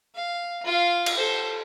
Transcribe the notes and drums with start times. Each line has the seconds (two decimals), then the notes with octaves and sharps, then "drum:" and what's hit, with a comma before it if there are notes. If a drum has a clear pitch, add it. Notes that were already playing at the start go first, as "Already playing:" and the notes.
0.15 F5
0.65 F4 F5
1.06 drum: cymbal
1.17 A4 C5